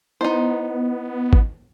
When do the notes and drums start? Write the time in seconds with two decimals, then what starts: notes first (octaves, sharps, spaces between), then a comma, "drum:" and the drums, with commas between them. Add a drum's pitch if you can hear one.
0.21 B3 D#4 E4 C5 D#5
1.33 drum: kick G#1